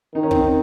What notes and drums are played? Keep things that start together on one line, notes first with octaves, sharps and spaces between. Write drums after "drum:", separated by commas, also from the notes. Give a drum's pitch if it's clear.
D#3 D#4
C#4
C4 D#4, drum: kick